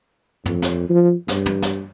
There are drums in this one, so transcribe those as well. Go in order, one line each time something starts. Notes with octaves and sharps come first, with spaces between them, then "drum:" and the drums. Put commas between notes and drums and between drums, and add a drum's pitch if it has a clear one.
F2, drum: tom
drum: snare
F3
G2, drum: snare
drum: tom
drum: snare